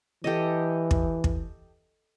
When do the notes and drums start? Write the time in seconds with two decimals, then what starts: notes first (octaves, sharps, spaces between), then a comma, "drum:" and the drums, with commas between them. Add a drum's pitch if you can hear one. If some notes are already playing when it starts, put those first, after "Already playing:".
0.24 E3 G4 A4 D#5
0.91 drum: kick
1.24 drum: kick